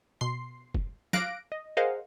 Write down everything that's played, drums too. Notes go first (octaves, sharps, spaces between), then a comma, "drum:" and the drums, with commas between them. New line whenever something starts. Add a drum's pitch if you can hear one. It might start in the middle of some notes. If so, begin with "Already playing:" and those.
B2 C6 C7
drum: kick
F5 D6 F#6 A#6 D7, drum: snare F#3
D#5
G#4 A#4 C5 D#5 F5 F#5